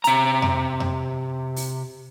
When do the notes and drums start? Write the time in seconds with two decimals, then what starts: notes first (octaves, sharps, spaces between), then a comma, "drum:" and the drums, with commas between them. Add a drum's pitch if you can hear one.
0.04 C3 A#5, drum: hi-hat
0.42 drum: tom F2
0.80 drum: tom F2
1.56 drum: open hi-hat